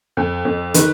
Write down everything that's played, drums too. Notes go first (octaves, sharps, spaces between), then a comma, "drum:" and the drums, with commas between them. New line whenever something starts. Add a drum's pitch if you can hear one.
F2
F2
D#3 B4, drum: hi-hat